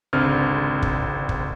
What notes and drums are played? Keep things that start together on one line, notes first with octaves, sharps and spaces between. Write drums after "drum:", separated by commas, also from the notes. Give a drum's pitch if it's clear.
G#1 C#2 D3 C4 F6
drum: kick
drum: kick